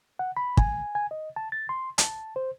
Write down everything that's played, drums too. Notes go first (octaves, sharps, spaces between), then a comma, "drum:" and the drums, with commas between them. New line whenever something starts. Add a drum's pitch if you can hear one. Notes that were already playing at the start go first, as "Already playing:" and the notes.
F#5
B5
G#5, drum: kick
G#5
D#5
A5
A6
C6
A5, drum: hi-hat
C5